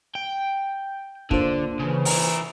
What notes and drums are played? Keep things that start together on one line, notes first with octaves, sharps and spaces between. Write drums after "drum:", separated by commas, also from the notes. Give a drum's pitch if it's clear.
G5
D3 A#3 D4 F4 C5, drum: kick
C#3 E3
E4 A#4, drum: open hi-hat